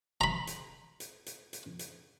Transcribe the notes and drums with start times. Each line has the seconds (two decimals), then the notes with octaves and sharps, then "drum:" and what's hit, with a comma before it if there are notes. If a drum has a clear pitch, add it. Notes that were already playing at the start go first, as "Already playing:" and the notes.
0.21 A#5 B5
0.47 drum: hi-hat
1.00 drum: hi-hat
1.26 drum: hi-hat
1.53 drum: hi-hat
1.79 drum: hi-hat